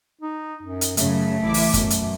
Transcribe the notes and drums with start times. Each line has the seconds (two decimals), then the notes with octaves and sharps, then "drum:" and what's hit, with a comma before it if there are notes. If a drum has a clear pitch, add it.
0.22 D#4
0.63 F#2
0.81 drum: hi-hat
0.97 F#2 C#3 A3, drum: hi-hat
1.43 A1 E4 D6
1.54 drum: open hi-hat
1.74 F#2 B2, drum: kick, hi-hat
1.90 drum: hi-hat